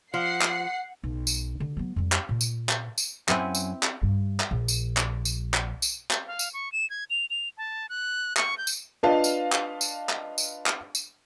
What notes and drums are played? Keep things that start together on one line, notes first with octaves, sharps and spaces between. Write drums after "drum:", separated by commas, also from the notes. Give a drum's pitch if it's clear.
F3 F#5 C7
drum: clap
B1
drum: tambourine
D3
F#3 B3
F2 G3
drum: clap
A#2
drum: tambourine
drum: clap
drum: tambourine
F#2 C4 E4 B4 F#5 G#5, drum: clap
drum: tambourine
drum: clap
G2
drum: clap
A#1
drum: tambourine
drum: clap
drum: tambourine
drum: clap
drum: tambourine
drum: clap
F5
drum: tambourine
C#6
E7
G#6
F7
F7
A5
F#6
C#6, drum: clap
G6
drum: tambourine
D4 F4 B4 D#5 F5 A5
drum: tambourine
drum: clap
drum: tambourine
drum: clap
drum: tambourine
drum: clap
drum: tambourine